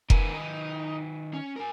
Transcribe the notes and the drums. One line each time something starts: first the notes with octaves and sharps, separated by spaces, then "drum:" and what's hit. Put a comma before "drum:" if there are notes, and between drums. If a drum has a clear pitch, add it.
D#3 B3 A#4 B4 G#5, drum: kick F1
D#4
C#4
A#4 G#5